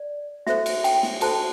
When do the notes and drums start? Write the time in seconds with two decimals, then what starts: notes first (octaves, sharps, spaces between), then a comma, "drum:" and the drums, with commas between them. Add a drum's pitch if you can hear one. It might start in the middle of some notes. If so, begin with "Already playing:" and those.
Already playing: D5
0.47 F#4 A4 C5 E5, drum: snare
0.66 drum: cymbal
0.84 G5, drum: cymbal
1.03 drum: snare
1.21 F#4 A4 C5 A5, drum: cymbal